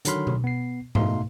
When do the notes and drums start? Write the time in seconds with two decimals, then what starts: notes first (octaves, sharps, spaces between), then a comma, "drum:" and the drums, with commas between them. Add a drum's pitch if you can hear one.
0.05 D3 D#3 F#3 B5 C6 F6, drum: hi-hat
0.27 drum: tom B2
0.44 B3 C7
0.95 B2 A3 D#4 F5 C6, drum: tom G#2